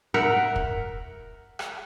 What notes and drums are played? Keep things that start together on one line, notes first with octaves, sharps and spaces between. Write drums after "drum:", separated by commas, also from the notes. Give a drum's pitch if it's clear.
A#4 E5 F#5
drum: kick
drum: rim click